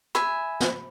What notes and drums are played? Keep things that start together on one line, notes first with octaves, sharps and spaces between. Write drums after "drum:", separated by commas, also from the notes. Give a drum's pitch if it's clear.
E5 G#5 B5, drum: rim click
drum: snare